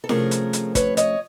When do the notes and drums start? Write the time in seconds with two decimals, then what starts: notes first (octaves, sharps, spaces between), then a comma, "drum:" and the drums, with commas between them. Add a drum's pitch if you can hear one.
0.04 A4
0.09 C3 F3 A3 C#4 G#4 A#4, drum: snare E4
0.31 drum: hi-hat
0.53 drum: hi-hat
0.75 B4 C#5, drum: kick, hi-hat
0.97 C#5 D#5, drum: hi-hat